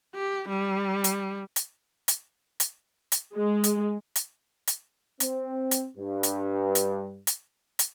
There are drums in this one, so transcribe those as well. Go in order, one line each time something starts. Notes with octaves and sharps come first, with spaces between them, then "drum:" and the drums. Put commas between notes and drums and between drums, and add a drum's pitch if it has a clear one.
G4
G3
drum: hi-hat
drum: hi-hat
drum: hi-hat
drum: hi-hat
drum: hi-hat
G#3
drum: hi-hat
drum: hi-hat
drum: hi-hat
C4, drum: hi-hat
drum: hi-hat
G2
drum: hi-hat
drum: hi-hat
drum: hi-hat
drum: hi-hat